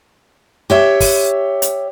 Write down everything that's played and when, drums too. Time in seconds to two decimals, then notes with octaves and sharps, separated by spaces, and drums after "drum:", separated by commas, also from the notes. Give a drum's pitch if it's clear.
0.70 G4 C#5 E5
1.00 drum: kick, open hi-hat
1.62 drum: hi-hat